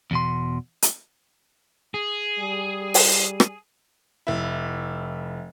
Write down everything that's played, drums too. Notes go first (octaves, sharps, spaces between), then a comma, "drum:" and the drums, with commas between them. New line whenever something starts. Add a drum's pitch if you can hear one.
E2 B2 C6
drum: hi-hat
G#4
G3
drum: open hi-hat
drum: rim click
F1 E4